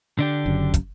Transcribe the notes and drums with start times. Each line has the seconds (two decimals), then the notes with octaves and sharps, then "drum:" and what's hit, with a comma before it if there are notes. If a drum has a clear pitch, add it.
0.19 D3 D4 G4
0.46 F#1 F#2
0.74 drum: kick, hi-hat